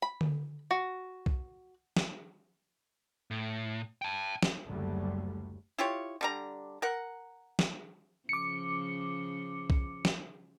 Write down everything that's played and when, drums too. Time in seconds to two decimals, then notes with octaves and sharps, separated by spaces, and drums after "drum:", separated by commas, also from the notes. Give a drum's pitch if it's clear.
0.02 B5
0.21 drum: tom D3
0.71 F#4
1.26 drum: kick B1
1.97 drum: snare
3.31 A2
4.02 G5 A5
4.43 drum: snare
4.66 F#1 D2 D3 F#3 G3 A3
5.78 E4 F4 G4 C#5
6.21 D3 G3 A#5
6.82 A#4 F#5
7.59 drum: snare
8.29 C#3 F3 D6 C#7
9.70 drum: kick B1
10.05 drum: snare